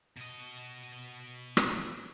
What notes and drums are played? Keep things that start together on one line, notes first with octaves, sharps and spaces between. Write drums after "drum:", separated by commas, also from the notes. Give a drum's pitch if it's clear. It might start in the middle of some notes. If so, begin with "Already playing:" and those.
B2 D#5
drum: rim click